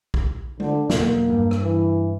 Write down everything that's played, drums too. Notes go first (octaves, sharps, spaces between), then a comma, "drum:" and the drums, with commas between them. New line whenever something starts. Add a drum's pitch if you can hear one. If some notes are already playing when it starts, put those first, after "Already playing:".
drum: kick
D3, drum: tom G#3
E2 B2 F#3 A#3, drum: snare
G2
drum: rim click
E3